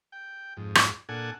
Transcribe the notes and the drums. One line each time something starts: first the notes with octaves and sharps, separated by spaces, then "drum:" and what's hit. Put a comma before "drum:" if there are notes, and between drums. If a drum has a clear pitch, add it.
G5
F2 G#2
drum: rim click
A#2 D4 A4 F#5 G#5